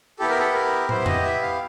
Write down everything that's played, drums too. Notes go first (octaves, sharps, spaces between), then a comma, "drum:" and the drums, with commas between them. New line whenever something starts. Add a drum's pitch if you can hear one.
B3 E4 G4 A4
A#4
A4
A#4
B3 E4 G4 C5, drum: tom
D#5, drum: tom E2
E5
F5